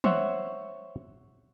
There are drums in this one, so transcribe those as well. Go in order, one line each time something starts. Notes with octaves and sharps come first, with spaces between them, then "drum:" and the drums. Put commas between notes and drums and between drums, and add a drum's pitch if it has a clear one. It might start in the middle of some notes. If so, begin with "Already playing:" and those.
C5 C#5 E5 F#5, drum: tom